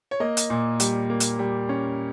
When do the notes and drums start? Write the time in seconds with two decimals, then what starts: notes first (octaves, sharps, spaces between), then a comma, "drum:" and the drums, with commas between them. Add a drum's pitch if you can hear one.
0.11 C#5
0.20 A#3 D#5
0.37 drum: hi-hat
0.50 A#2
0.80 G3, drum: hi-hat
1.10 A#3
1.20 drum: hi-hat
1.39 G3
1.69 C#4